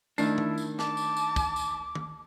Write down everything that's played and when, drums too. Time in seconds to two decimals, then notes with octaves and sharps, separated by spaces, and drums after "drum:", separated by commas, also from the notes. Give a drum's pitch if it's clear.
0.18 D#3 A3 D4 E4, drum: tambourine
0.38 drum: tom
0.58 drum: tambourine
0.79 A5 D6, drum: snare
0.97 drum: tambourine
1.17 drum: tambourine
1.36 drum: kick, tambourine
1.56 drum: tambourine
1.95 drum: tom